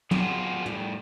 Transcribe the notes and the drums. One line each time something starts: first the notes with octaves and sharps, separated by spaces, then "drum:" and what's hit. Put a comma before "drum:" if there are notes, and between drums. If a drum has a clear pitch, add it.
F#3 B3 D4 F4 F#4 G#4, drum: tom
A2 G3, drum: tom